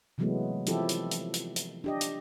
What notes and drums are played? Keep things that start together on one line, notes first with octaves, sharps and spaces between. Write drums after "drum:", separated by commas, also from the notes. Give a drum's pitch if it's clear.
C3 E3 F#3 G#3 A3 B3
E3 F3 C4 E4 G4 A4, drum: hi-hat
drum: hi-hat
drum: hi-hat
drum: hi-hat
drum: hi-hat
D4 G4 D#5
drum: hi-hat